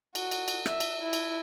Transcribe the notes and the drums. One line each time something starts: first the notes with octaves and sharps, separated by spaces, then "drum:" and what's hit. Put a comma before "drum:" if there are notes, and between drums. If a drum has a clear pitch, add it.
F#4, drum: cymbal
drum: cymbal
drum: cymbal
E5, drum: rim click
drum: cymbal
E4
drum: cymbal